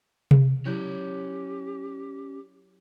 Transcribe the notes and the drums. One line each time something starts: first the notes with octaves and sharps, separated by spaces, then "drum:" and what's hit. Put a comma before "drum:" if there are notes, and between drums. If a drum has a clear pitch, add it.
drum: tom C3
F#3 C#4 E4 G4 D5 G6